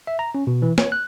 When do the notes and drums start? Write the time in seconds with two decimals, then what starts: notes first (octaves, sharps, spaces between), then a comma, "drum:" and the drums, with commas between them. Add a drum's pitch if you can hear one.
0.07 E5
0.19 A#5
0.35 C#4
0.47 B2
0.62 E3
0.78 C#5, drum: snare
0.92 F#6